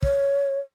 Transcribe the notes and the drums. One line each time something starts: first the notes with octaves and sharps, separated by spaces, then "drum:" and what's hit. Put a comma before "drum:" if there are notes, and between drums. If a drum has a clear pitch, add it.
C#5, drum: kick